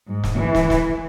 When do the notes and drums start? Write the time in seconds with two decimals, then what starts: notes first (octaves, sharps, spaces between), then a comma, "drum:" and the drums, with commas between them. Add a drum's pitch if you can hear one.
0.08 G#2
0.24 drum: snare
0.39 E3
0.55 drum: snare
0.70 drum: snare